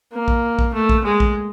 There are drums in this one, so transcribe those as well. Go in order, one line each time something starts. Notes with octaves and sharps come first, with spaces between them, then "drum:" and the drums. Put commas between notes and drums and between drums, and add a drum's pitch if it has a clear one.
A#3
drum: kick
drum: kick
A3
drum: kick
G#3
drum: kick